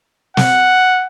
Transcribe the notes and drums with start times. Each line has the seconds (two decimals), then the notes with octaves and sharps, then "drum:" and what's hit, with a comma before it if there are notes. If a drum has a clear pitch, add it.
0.37 F#5, drum: snare